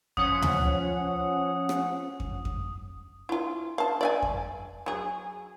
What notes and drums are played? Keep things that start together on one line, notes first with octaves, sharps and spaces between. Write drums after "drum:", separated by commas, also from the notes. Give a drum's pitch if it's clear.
F3 C#4 F#5 D#6, drum: kick F2
drum: tom D2
drum: rim click
drum: kick F2
drum: kick F2
E4 F4
F5 A5
D5 E5 G#5
drum: kick F2
F#3 G#4